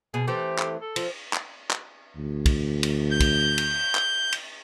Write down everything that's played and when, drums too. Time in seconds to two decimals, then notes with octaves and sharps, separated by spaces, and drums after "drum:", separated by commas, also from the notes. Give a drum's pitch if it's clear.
0.14 B2 G#4
0.27 E3 A3 C4 G4
0.59 drum: clap
0.81 A4
0.96 F3, drum: cymbal
1.33 drum: clap
1.71 drum: clap
2.16 D2
2.46 drum: kick, cymbal
2.83 drum: cymbal
3.11 G6
3.20 drum: kick, cymbal
3.58 drum: cymbal
3.95 drum: clap
4.32 drum: cymbal